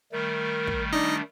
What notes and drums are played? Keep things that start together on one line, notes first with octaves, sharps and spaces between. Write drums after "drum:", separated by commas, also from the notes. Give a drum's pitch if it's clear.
D#3 G3 A3 A#4
drum: kick
D4 D#4 D#5